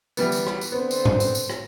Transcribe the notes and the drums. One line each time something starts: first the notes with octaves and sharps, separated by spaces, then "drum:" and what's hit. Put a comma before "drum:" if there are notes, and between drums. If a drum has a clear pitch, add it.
E3 G3 B3, drum: tambourine
drum: tambourine
drum: rim click
drum: tambourine
D3 B3 C4 C5
drum: tambourine
drum: tom A2
drum: tambourine
drum: tambourine
drum: rim click